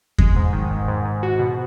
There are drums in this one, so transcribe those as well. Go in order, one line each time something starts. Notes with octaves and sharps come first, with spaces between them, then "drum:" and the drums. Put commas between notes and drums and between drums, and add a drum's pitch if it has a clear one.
G#3, drum: kick E2
G#2
D#3
G#2
G#2
G#2
F#4
B2